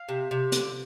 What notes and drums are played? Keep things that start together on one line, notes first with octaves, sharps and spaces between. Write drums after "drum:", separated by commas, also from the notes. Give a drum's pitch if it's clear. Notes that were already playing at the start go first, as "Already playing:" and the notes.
Already playing: F5
C3
C3
D3, drum: hi-hat